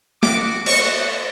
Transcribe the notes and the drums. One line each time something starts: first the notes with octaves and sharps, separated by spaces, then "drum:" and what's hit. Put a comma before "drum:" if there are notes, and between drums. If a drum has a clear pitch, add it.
B3 F#4 D6, drum: snare
B3 F#4 C#6, drum: cymbal